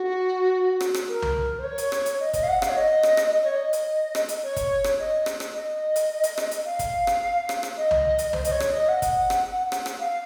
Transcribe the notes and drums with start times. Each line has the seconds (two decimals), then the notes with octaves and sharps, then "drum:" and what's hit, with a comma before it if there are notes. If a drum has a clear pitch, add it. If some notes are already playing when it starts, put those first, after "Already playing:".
Already playing: F#4
0.81 drum: rim click
0.94 drum: rim click
1.08 A#4
1.22 drum: tom
1.59 C5
1.64 C#5
1.78 drum: hi-hat
1.92 drum: rim click
2.06 drum: hi-hat
2.19 D#5
2.34 D#5, drum: kick, hi-hat
2.43 F5
2.48 F#5
2.62 F5, drum: rim click
2.69 C#5
2.76 D#5
3.03 drum: rim click
3.17 drum: rim click
3.31 D#5
3.44 C#5
3.55 D#5
3.73 drum: hi-hat
4.15 drum: rim click
4.29 drum: hi-hat
4.42 C#5
4.57 drum: kick, hi-hat
4.84 drum: rim click
4.99 D#5
5.26 drum: rim click
5.40 drum: rim click
5.54 D#5
5.96 drum: hi-hat
6.24 drum: hi-hat
6.38 drum: rim click
6.51 drum: hi-hat
6.65 F5
6.79 drum: kick, hi-hat
7.07 drum: rim click
7.49 drum: rim click
7.63 drum: rim click
7.77 D#5
7.91 drum: tom
8.19 drum: hi-hat
8.33 C5, drum: tom
8.45 D#5, drum: hi-hat
8.51 C#5
8.60 drum: rim click
8.70 D#5
8.88 F#5
9.02 drum: kick, hi-hat
9.30 drum: rim click
9.72 drum: rim click
9.86 drum: rim click
9.99 F5